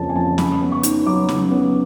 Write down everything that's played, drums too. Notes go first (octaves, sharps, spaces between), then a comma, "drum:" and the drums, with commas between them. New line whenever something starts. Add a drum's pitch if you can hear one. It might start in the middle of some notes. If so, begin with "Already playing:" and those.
Already playing: F2 C#3 A#3 A5
G#5
F3 A5
C#3 B5, drum: snare
B3
C#6
D#4, drum: hi-hat
F#3 D6
C#3, drum: snare
B3